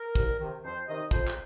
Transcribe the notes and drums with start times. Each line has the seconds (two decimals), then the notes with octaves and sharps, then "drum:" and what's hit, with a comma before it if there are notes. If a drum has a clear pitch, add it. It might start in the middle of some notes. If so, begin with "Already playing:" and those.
Already playing: A#4
0.15 C2, drum: kick, hi-hat
0.40 C3 D#3
0.63 F2 C5
0.87 C3 D#3 D#5
1.11 F2 C5, drum: kick, hi-hat
1.27 drum: clap